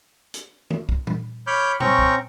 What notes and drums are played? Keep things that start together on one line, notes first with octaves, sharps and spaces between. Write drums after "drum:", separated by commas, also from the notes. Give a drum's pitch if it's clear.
drum: hi-hat
drum: tom D#3
drum: kick
drum: tom
C#5 B5 D6 F6 G6
C4 C#4 G5 A#5 C#6, drum: tom A#2
drum: kick